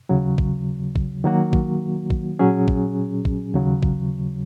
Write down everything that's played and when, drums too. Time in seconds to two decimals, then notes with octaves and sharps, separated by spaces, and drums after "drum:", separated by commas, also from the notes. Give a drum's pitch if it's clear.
0.09 D#2 C#3 F#3
0.38 drum: kick
0.96 drum: kick
1.24 D#3 F#3 A#3 F#4
1.53 drum: kick
2.10 drum: kick
2.39 A#2 F#3 C#4 G#4
2.68 drum: kick
3.25 drum: kick
3.54 D#2 C#3 F#3
3.83 drum: kick